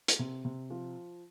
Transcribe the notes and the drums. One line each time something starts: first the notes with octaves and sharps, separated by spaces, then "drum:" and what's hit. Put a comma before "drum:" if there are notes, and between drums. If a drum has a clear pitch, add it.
drum: hi-hat
C3
C3
F3